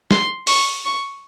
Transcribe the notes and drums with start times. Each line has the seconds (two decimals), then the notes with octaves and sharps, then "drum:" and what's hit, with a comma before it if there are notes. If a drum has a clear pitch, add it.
0.11 C6, drum: snare
0.47 C#6, drum: open hi-hat
0.85 C#6